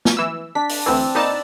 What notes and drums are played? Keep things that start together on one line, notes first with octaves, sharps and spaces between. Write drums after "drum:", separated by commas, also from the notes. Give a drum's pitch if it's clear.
drum: snare
E3 E6
D4 B6
drum: open hi-hat
D2 E3 C4 E6
A#2 D#4 B4 D5 A5